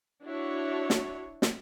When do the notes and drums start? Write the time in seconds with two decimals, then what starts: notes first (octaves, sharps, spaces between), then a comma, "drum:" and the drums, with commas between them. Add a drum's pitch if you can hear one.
0.25 D4 E4 F#4 C#5
0.90 drum: snare
1.42 drum: snare